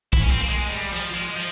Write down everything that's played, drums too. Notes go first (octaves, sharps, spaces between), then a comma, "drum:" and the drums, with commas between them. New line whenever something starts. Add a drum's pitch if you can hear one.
E4, drum: kick
C#4
C4
A#3
G#3
G3
F3
G#3
F3